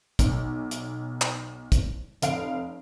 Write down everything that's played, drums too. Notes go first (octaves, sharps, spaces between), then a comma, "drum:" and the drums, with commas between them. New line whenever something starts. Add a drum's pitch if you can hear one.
B1, drum: kick, hi-hat
drum: hi-hat
drum: clap
drum: kick, hi-hat
F1 F5 D7, drum: hi-hat